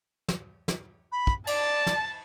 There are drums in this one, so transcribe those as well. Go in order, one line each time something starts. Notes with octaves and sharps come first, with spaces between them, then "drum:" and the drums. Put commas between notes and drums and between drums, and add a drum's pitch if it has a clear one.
drum: snare
drum: snare
B5
drum: kick
D5 A5, drum: cymbal
drum: snare